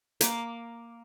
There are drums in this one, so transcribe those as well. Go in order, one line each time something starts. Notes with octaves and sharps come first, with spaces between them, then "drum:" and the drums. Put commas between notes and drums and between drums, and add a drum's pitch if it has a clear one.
A#3 D6, drum: hi-hat